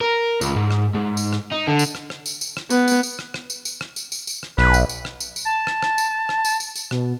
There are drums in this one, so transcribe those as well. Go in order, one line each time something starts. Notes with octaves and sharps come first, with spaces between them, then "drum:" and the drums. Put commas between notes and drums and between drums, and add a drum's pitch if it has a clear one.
A#4
C#2, drum: tambourine
G#2
drum: rim click
G#2
drum: tambourine
drum: rim click
D#4
D3
drum: tambourine
drum: rim click
drum: rim click
drum: tambourine
drum: tambourine
drum: rim click
B3, drum: tambourine
drum: tambourine
drum: tambourine
drum: rim click
drum: rim click
drum: tambourine
drum: tambourine
drum: rim click
drum: tambourine
drum: tambourine
drum: tambourine
drum: rim click
B1 B4, drum: rim click
drum: tambourine
drum: tambourine
drum: rim click
drum: tambourine
drum: tambourine
A5
drum: rim click
drum: rim click
drum: tambourine
drum: rim click
drum: tambourine
drum: tambourine
drum: tambourine
B2, drum: rim click